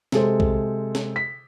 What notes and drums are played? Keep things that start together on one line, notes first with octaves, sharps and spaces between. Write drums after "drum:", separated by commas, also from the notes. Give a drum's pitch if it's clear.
C3 G#3 A4 C5, drum: snare
drum: kick B1
drum: snare
B6